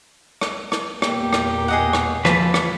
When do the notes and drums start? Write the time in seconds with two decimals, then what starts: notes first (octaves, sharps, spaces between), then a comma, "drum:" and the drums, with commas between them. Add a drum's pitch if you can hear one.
0.41 drum: rim click
0.72 drum: rim click
1.02 E2 A#2 A#3 G4, drum: rim click
1.33 drum: rim click
1.68 G#4 D#5 F#5
1.93 drum: rim click
2.25 F3 B4 A5, drum: rim click
2.54 drum: rim click